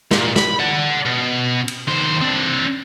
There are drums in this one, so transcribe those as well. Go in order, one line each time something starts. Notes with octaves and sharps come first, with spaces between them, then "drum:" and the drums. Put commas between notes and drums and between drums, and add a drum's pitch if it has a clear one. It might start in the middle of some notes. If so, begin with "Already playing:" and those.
A#2, drum: snare
B5, drum: snare
D5 F#5
B2
drum: cymbal
D#2 C5
C4 D4